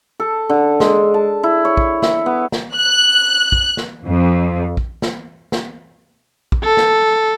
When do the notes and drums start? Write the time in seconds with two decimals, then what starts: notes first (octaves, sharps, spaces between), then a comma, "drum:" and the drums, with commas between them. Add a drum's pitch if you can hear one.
0.20 A4
0.49 D3
0.80 G#3, drum: snare
1.14 A5
1.43 E4
1.65 C#5
1.77 drum: kick
2.02 E5, drum: snare
2.26 B3
2.52 drum: snare
2.75 F#6
3.52 drum: kick
3.77 drum: snare
4.06 F2
4.77 drum: kick
5.02 drum: snare
5.52 drum: snare
6.52 drum: kick
6.64 A4
6.77 drum: snare